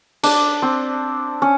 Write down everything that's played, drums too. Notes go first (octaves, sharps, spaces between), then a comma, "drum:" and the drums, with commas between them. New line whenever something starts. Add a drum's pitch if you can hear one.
D4, drum: cymbal
C4
C#4